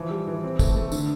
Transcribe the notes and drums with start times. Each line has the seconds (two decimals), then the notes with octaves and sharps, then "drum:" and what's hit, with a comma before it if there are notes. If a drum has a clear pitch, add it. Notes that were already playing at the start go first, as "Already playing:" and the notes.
Already playing: E3 F3
0.10 G3
0.27 E3
0.44 C4
0.59 A3, drum: kick, tambourine
0.76 A3
0.92 D3, drum: tambourine